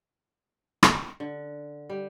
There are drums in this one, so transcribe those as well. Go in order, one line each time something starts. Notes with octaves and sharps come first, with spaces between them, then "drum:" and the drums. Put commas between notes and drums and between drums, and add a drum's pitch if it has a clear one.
drum: rim click
D3
G3